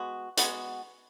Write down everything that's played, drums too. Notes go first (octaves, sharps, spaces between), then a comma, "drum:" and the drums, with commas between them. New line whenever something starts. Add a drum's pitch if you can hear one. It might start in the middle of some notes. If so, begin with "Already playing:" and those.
Already playing: G#3 B3 F#4
G#3 B3 F#4, drum: hi-hat